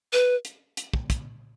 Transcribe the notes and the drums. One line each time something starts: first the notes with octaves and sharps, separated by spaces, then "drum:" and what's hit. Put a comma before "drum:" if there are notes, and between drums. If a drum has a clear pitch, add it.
B4
drum: hi-hat
drum: hi-hat
drum: kick
drum: kick, hi-hat